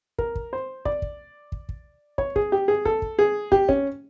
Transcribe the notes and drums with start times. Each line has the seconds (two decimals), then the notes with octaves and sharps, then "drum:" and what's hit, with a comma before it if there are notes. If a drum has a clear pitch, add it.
0.18 A#4, drum: kick
0.35 drum: kick
0.53 C5
0.85 D5, drum: kick
1.02 drum: kick
1.52 drum: kick
1.69 drum: kick
2.18 C#5, drum: kick
2.36 G#4, drum: kick
2.52 G4
2.68 G#4
2.85 A4, drum: kick
3.02 drum: kick
3.19 G#4
3.52 G4, drum: kick
3.69 C#4, drum: kick